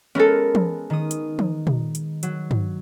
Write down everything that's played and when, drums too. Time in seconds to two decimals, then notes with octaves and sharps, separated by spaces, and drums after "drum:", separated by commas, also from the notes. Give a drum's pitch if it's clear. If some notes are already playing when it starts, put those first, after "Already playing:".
0.15 G#3 B3 C#4 A4 A#4
0.55 drum: tom E3
0.90 D#3 D#6
1.11 drum: hi-hat
1.39 drum: tom E3
1.67 drum: tom A#2
1.95 drum: hi-hat
2.23 F#3, drum: hi-hat
2.51 drum: tom G2